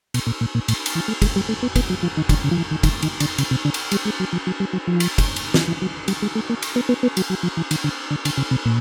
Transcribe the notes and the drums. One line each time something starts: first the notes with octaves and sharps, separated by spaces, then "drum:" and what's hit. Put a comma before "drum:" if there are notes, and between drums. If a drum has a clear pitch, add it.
B2, drum: cymbal
A#2
A#2
A#2
A2, drum: cymbal
drum: cymbal
E3
A3
G#3, drum: kick, cymbal
G3
A3
B3
B3, drum: kick, cymbal
F#3
F3
D#3
D3, drum: kick, cymbal
C#3
F3
E3
D#3
D#3, drum: kick, cymbal
D#3, drum: cymbal
D3, drum: cymbal
C#3, drum: cymbal
C3
D3
drum: cymbal
G3, drum: cymbal
G#3
F#3
F3
F#3
G3
F#3
F3
drum: cymbal
drum: kick, cymbal
drum: cymbal
drum: snare
E3
F#3
G3, drum: cymbal
G#3
A3
A#3
drum: cymbal
B3
B3
B3
F#3, drum: cymbal
F#3
F3
E3
D#3, drum: cymbal
D3
D3
D3, drum: cymbal
C#3
C3
A#2